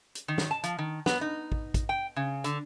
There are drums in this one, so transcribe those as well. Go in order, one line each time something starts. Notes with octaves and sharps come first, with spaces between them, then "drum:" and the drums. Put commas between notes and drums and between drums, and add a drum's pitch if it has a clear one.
drum: hi-hat
D#3
drum: snare
A5
F3, drum: hi-hat
D#3
B3, drum: snare
D#4
drum: kick
drum: kick, hi-hat
G5
C#3
D3, drum: hi-hat